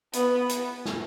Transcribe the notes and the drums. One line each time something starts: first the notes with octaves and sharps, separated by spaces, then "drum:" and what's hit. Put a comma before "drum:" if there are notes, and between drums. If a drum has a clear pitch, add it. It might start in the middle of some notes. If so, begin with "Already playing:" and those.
B3, drum: hi-hat
drum: hi-hat
drum: snare